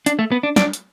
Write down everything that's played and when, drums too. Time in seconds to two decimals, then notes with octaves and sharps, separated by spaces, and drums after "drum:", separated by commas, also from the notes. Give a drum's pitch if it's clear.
0.06 D4, drum: hi-hat
0.19 A3
0.32 B3
0.43 D4
0.56 D4, drum: snare
0.73 drum: hi-hat